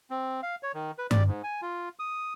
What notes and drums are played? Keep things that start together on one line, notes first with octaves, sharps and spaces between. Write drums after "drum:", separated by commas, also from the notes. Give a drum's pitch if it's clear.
C4
F5
C#5
D#3
B4
D5, drum: tom G2
G#2
G#5
F4
D#6